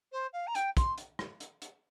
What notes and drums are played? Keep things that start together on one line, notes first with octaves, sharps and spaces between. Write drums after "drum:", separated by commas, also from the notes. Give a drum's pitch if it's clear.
C5
F5
A#5
G5, drum: hi-hat
C6, drum: kick, hi-hat
drum: hi-hat
drum: rim click
drum: hi-hat
drum: hi-hat